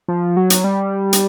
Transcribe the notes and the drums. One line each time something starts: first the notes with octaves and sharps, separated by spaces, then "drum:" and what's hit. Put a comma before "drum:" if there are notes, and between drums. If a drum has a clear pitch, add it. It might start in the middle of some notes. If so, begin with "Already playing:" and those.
F3
F#3
drum: hi-hat
G3
drum: hi-hat